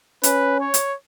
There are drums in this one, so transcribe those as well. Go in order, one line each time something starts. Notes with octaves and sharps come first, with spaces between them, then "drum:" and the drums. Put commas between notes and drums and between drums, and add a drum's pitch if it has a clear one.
C#4 B4, drum: hi-hat
C#5
drum: hi-hat